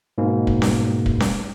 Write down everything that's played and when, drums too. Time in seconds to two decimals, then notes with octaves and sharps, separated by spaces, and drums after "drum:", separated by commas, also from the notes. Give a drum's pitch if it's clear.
0.18 G#2 B2 A#3
0.47 drum: kick
0.62 drum: snare C#4
1.06 drum: kick
1.20 drum: snare C#4